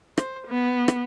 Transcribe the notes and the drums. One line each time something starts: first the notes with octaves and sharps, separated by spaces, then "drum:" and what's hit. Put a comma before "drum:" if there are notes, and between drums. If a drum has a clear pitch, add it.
C5, drum: rim click
B3
drum: rim click